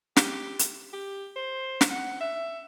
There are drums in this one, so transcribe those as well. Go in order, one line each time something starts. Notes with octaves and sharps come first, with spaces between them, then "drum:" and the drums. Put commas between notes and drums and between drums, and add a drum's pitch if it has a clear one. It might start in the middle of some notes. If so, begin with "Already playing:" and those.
G4, drum: snare
drum: hi-hat
G4
C5
drum: snare
F#5
E5